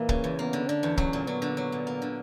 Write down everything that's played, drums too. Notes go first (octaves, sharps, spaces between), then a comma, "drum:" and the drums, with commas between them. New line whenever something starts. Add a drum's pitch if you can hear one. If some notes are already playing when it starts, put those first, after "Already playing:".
Already playing: A#2 E3 A#3
C#3, drum: kick
E2
A#3 B3
D3
D3 D4
E2
F#3 C#4, drum: kick
A#2
F#3 B3
D3
F#3
A#2
A#3
D3